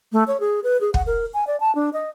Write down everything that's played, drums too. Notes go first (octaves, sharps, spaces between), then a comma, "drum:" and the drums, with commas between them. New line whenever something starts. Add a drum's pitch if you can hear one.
A3
C#5
G#4
B4
G#4
F#5, drum: kick
A#4
G#5
D5
A5
D4
D#5